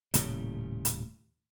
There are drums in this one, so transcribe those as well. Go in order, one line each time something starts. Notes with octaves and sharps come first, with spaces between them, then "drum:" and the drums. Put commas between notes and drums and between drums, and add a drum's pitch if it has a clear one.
D#1 A2 C#3 G3, drum: hi-hat
drum: hi-hat